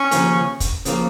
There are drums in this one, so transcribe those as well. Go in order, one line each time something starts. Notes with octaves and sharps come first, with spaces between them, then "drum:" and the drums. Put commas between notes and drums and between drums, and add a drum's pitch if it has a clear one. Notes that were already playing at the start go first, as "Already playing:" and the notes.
Already playing: C#4
D#2 C#3 F3 A#3, drum: hi-hat
drum: kick, hi-hat
C#3 F3 A#3, drum: hi-hat